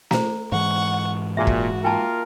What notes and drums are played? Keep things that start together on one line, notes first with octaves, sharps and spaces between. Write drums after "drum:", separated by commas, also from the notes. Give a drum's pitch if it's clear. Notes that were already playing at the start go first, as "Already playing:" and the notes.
C5 A#5, drum: snare
G#2 E3 G#3 F#5 C#6
A#2 D#4 F#4 G#4 E5
drum: kick
A#3 F4 A#4 G5 A5